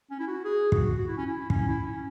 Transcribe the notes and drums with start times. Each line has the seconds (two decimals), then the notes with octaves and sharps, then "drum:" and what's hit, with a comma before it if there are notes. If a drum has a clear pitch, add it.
0.11 C#4
0.20 E4
0.27 F#4
0.45 G#4
0.72 F#4, drum: kick
0.98 F#4
1.07 E4
1.18 C#4
1.26 E4
1.50 C#4, drum: kick
1.68 E4
1.86 C#4